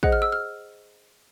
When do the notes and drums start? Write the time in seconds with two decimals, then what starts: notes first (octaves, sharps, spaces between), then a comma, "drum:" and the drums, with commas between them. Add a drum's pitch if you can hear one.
0.03 G#4 C5 D#5 F#5 F#6, drum: kick
0.12 F6
0.22 E6
0.32 F6